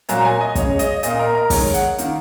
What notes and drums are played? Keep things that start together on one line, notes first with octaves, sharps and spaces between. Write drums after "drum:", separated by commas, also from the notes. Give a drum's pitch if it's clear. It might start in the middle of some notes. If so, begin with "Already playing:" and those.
A#2 F#3 A#3 A#5, drum: hi-hat
G#5
D#5
C#3 G#3 C#5, drum: kick, hi-hat
D#5, drum: hi-hat
A#2 A#3 D#5, drum: hi-hat
A#4
A#4
D#3 G#3 C#5, drum: kick, open hi-hat
F#5, drum: hi-hat
D#3 A#3, drum: hi-hat